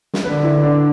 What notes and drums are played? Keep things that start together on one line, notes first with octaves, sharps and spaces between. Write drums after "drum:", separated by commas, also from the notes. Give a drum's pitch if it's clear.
drum: snare
D3 B4
E4
D4